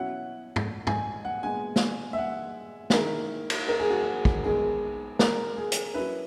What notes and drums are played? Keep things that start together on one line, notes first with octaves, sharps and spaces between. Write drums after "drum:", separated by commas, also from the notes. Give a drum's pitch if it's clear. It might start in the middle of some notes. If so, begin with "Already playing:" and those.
Already playing: B2 F#3 C#4 E4 F#5
drum: tom
G#5, drum: tom
F#5
A#2 G#3 B3 G#5
drum: snare
E5
F#5
G#4, drum: snare
D#3 A#3 E4 A#4
drum: cymbal
A#4
G#4
F#4
G#4
drum: kick
D#3 G#3 B3 D#4 G#4
A#4, drum: snare
G#4
drum: hi-hat
F#3 C#4 E4 B4